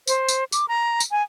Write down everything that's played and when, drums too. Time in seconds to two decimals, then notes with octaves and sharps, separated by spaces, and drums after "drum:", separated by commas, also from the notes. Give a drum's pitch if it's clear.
0.07 C5, drum: tambourine
0.28 drum: tambourine
0.52 D6, drum: tambourine
0.68 A#5
1.00 drum: tambourine
1.11 G#5